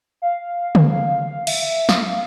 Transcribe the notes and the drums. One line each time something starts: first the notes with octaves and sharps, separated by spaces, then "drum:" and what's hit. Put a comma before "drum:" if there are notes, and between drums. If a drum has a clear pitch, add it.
F5
drum: tom C#3
E5, drum: cymbal
F5, drum: snare